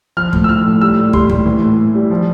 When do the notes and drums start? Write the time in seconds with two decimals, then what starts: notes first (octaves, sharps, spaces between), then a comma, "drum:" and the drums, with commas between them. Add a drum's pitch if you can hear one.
0.17 F3 F6
0.33 A2, drum: kick
0.44 E6
0.49 F3 F6
0.66 A2
0.81 G3 E6
0.97 A2
1.13 G3 C6, drum: kick
1.30 A2, drum: kick
1.46 E3
1.62 A2
1.78 A2
1.95 G3
2.10 F3